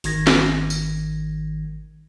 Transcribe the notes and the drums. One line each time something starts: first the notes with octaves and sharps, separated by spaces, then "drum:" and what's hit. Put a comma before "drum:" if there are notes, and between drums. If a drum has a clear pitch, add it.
G#1 D#3 G#6 A#6, drum: open hi-hat
drum: snare
drum: tambourine